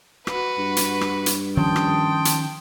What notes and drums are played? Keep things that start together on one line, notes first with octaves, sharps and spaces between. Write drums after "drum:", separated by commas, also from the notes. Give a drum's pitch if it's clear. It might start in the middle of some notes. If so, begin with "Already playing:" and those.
F#4 B4, drum: rim click
G2
drum: hi-hat
drum: rim click
drum: hi-hat
D#3 F3 C#4 G5 A5 C6 D#6
drum: rim click
drum: hi-hat